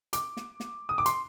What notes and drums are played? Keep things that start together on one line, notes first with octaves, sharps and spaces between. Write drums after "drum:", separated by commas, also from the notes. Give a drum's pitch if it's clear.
D6, drum: hi-hat
drum: snare
drum: snare
D#6
D6
C6, drum: hi-hat